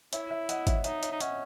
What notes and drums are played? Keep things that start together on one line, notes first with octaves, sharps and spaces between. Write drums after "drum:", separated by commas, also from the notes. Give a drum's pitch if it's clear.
E4 C#5 E5, drum: hi-hat
C#5 E5
D#5 F#5, drum: hi-hat
C#5 E5, drum: kick G#1, hi-hat
D#4 C#5 E5, drum: hi-hat
C#5 E5, drum: hi-hat
D#4
C#4 D#5 F#5, drum: hi-hat